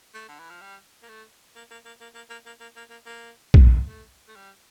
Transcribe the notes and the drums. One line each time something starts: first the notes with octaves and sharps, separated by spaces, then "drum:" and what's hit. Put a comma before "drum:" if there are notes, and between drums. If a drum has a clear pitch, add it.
A3
D3
E3
F3
G3
A#3
A3
A#3
A#3
A#3
A#3
A#3
A#3
A#3
A#3
A#3
A#3
A#3
drum: kick A#1
A3
A3
G3